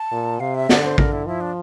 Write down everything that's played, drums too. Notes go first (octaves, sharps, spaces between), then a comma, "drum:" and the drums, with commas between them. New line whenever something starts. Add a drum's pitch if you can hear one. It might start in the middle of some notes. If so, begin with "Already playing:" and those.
Already playing: A5
A#2
C3 F5
E5
D3 D5, drum: snare
C5
D3 A#4, drum: kick A1
E4
F3 E4
D4